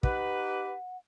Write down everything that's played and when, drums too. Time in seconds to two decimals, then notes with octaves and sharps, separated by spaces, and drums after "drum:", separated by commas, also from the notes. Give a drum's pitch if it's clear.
0.03 D#4 G4 B4 F#5, drum: kick